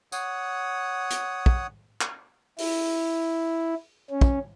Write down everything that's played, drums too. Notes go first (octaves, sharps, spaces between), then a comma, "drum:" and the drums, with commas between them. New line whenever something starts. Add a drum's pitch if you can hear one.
C#5 F#5 D#6, drum: tambourine
drum: hi-hat
drum: kick
drum: clap
E4, drum: open hi-hat
C#4
drum: kick